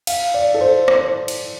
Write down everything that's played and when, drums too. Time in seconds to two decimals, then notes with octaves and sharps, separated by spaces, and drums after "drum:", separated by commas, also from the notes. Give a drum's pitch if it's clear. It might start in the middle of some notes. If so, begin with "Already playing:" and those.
0.07 F5, drum: cymbal
0.34 D5
0.54 A4
0.61 C5
0.88 drum: rim click
1.28 drum: cymbal